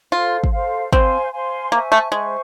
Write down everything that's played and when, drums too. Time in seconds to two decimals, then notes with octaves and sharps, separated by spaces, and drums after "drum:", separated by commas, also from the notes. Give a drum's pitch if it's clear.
0.12 F4 A4 C5 F5
0.44 drum: kick
0.53 A4 C5 F5
0.93 C4 C5 F5 G#5 C6, drum: kick
1.32 C5 F5 G#5 C6
1.72 A#3 C5 E5 G#5 C#6
1.92 A3
2.12 G#3 C5 E5 G#5 C#6